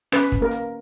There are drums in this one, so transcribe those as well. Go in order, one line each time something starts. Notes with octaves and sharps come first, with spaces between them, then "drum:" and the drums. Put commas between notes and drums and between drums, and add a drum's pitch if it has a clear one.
C#4 B4, drum: rim click
drum: kick
A#3 A#4
drum: hi-hat